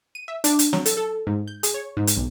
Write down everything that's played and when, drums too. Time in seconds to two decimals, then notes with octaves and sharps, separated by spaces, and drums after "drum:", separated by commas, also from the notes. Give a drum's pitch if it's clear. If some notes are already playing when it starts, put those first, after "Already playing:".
0.15 D#7
0.28 E5
0.44 D4, drum: hi-hat
0.59 drum: hi-hat
0.73 F#3, drum: snare
0.86 A4, drum: hi-hat
0.97 A4
1.27 G#2
1.47 G6
1.63 G#4, drum: hi-hat
1.74 C#5
1.97 G#2
2.07 drum: hi-hat
2.17 B1